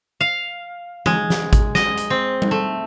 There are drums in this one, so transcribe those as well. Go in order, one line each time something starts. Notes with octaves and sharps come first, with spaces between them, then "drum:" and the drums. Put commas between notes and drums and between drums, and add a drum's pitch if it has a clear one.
F5
G#3, drum: tom E3
drum: snare
drum: kick G#1, hi-hat
D#5, drum: snare
drum: hi-hat
C4
drum: tom G3
A3